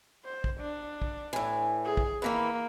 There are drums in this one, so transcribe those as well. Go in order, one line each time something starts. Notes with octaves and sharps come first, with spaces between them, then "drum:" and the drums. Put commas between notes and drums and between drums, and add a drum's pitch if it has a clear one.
C5
drum: kick
D4
drum: kick
A2 E3
G#4
drum: kick
D#3 E3 A#3 B4